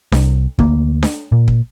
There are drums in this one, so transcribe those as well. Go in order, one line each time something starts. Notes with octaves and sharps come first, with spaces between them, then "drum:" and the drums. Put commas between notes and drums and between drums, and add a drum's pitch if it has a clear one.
C2, drum: snare D4
D2 A#3, drum: kick
drum: snare D4
A#2
drum: kick